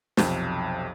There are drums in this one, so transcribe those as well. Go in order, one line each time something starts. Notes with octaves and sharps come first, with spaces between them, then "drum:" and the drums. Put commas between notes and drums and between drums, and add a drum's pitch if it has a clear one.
B1 F2 C3, drum: snare